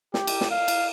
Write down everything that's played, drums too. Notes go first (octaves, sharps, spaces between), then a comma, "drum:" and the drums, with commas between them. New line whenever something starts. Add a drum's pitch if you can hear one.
G4, drum: snare
drum: cymbal
drum: snare
F5
drum: cymbal